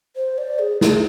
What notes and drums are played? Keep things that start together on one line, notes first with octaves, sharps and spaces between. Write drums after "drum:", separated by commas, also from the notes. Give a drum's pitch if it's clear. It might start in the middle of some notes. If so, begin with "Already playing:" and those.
C5
D5
G#4
G#4, drum: snare